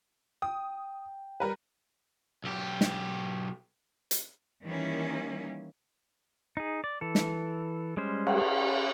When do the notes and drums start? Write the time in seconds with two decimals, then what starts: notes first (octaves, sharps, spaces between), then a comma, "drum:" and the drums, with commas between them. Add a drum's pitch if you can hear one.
0.42 G5 D#6
1.40 G3 A#4 B4
2.44 B1 G4
2.81 drum: snare
4.11 drum: hi-hat
4.63 D#3 E3 G3 A#3 C#4 E4
6.57 D#4 G#4
6.84 D5
7.01 E3 A4
7.15 drum: snare
7.97 G3 G#3 C#4 C5
8.27 drum: cymbal
8.42 C#4